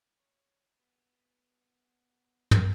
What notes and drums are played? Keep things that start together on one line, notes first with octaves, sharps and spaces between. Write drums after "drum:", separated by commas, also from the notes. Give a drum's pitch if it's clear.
C#5
B3
drum: tom